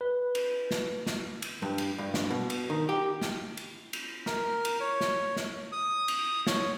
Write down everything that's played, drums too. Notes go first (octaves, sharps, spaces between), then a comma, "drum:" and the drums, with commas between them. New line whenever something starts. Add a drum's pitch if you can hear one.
B4
drum: cymbal
drum: snare
drum: snare
drum: cymbal
G2
drum: cymbal
G2
drum: snare
B2
drum: cymbal
D#3
G4
drum: snare
drum: cymbal
drum: cymbal
A#4, drum: snare
drum: cymbal
C#5
drum: snare
drum: snare
D#6
drum: cymbal
C#5, drum: snare